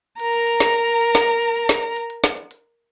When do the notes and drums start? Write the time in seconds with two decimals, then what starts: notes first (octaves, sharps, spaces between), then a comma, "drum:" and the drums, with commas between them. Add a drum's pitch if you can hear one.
0.20 A#4 A#5, drum: hi-hat
0.33 drum: hi-hat
0.47 drum: hi-hat
0.60 drum: snare
0.74 drum: hi-hat
0.88 drum: hi-hat
1.01 drum: hi-hat
1.15 drum: snare
1.28 drum: hi-hat
1.42 drum: hi-hat
1.56 drum: hi-hat
1.69 drum: snare
1.83 drum: hi-hat
1.96 drum: hi-hat
2.10 drum: hi-hat
2.24 drum: snare
2.37 drum: hi-hat
2.51 drum: hi-hat